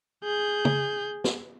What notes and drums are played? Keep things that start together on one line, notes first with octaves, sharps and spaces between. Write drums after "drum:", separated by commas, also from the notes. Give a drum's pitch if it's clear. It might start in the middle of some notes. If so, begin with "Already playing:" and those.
G#4 G6
drum: tom
drum: snare